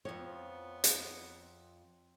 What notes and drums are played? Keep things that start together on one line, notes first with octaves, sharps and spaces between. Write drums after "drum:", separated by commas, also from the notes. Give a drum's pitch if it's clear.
F2 F3 B3 C4 C#5
drum: hi-hat